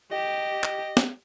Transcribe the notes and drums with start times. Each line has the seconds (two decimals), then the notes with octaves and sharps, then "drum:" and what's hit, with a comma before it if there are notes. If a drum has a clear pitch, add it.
0.12 G4 D#5
0.64 drum: clap
0.97 drum: snare